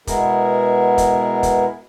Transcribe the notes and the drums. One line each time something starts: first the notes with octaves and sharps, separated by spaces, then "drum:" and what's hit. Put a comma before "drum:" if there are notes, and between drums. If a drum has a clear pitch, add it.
B2 G#3 B3 E4 G#4 A#4, drum: kick, hi-hat
drum: kick, hi-hat
drum: kick, hi-hat